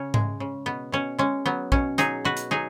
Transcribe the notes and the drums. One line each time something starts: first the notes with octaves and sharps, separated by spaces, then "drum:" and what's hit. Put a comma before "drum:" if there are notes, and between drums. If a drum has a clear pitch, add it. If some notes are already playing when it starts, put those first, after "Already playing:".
Already playing: C#3 C#4
G#3, drum: tom G#2
C#3
B2 B3
B2 C#4
G#3 C#4
F#3 B3
B2 C#4, drum: kick
F#3 D#4 G#4, drum: hi-hat
B2 F#4 B4
drum: hi-hat
F#3 D#4 G#4